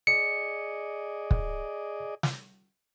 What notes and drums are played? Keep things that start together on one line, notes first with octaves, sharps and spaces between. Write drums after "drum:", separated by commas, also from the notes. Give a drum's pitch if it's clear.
G#4 D5 D#5 C#7
drum: kick
drum: snare